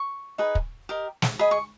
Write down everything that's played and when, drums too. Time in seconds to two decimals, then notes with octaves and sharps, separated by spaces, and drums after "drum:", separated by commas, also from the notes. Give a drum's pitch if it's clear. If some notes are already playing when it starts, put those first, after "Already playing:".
Already playing: C#6
0.38 D#4 G#4 B4
0.55 drum: kick
0.89 G4 A#4 D#5
1.22 drum: snare
1.39 G#4 D#5 B5
1.51 C#6